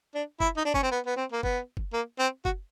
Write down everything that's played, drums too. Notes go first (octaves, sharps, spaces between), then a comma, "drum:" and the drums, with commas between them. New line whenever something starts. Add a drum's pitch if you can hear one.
D4
E4, drum: kick F#1
D#4
D4
C#4, drum: kick F#1
C4
B3
B3
C4
A#3
B3, drum: kick F#1
drum: kick F#1
A#3
C4
F#4, drum: kick F#1